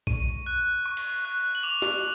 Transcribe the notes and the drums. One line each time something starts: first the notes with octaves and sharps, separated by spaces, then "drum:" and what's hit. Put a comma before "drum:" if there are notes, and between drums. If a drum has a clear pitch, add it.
C#6 D#7, drum: kick A#1
F#6
C#6
drum: cymbal
F#6
F#7
D6 F7
drum: snare